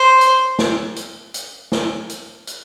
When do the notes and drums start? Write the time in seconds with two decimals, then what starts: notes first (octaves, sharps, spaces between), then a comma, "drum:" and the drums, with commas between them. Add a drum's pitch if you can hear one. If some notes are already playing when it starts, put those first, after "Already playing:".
Already playing: C5
0.21 drum: hi-hat
0.59 drum: snare
0.96 drum: hi-hat
1.34 drum: hi-hat
1.72 drum: snare
2.09 drum: hi-hat
2.47 drum: hi-hat